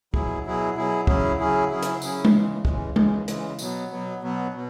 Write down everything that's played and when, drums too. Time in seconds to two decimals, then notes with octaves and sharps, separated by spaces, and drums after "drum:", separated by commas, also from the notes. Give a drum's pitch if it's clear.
0.14 B2 F#3 E4 G#4, drum: kick
0.45 B2 F#3 E4 G#4
0.76 B2 F#3 E4 G#4
1.07 C#3 F#3 C#4 E4 G#4, drum: kick
1.39 C#3 F#3 C#4 E4 G#4
1.71 C#3 F#3 C#4 E4 G#4
1.83 drum: hi-hat
2.02 C#3 F#3 C#4 E4 G#4, drum: tambourine
2.25 drum: tom G#3
2.34 C#3 E3 G#3
2.65 C#3 E3 G#3, drum: kick
2.96 C#3 E3 G#3, drum: tom G#3
3.28 C#3 E3 G#3, drum: hi-hat
3.59 B2 F#3 B3, drum: tambourine
3.91 B2 F#3 B3
4.22 B2 F#3 B3
4.54 B2